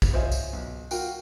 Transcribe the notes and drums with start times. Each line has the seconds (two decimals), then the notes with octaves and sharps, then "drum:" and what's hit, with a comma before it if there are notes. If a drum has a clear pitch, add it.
0.02 drum: kick, tambourine
0.13 F4 C5 C#5 D#5 E5 G#5
0.32 drum: tambourine
0.53 B1
0.91 F4 F#4 A#4 G5, drum: tambourine